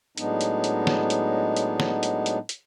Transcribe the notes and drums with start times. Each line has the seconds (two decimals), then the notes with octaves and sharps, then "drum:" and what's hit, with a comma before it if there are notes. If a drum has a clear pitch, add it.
0.17 A2 F#3 G#3 B3 D4 D#4, drum: hi-hat
0.41 drum: hi-hat
0.64 drum: hi-hat
0.87 drum: snare
1.10 drum: hi-hat
1.56 drum: hi-hat
1.80 drum: snare
2.03 drum: hi-hat
2.26 drum: hi-hat
2.49 drum: hi-hat